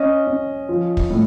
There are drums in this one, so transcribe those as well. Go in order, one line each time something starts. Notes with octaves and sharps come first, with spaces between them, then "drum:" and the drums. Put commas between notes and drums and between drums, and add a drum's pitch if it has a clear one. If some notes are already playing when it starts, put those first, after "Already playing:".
Already playing: C#4 D#5
C#4
F3
drum: kick
A2